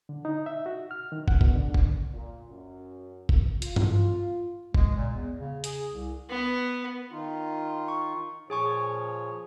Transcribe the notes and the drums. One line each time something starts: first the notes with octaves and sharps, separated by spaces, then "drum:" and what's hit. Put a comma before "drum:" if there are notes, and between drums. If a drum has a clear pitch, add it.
D3
D#4
E5
F#4
F6
D#3
F#5, drum: kick
B2, drum: kick
D3
drum: kick
A#2
F#2
drum: kick
F4, drum: hi-hat
drum: tom G2
G#3, drum: kick
A#2
E2
C#3
G#4, drum: hi-hat
C2
B3
D#3 D#4 F4
C#6
A#2 F3 G#4 C#5 G#5 C#6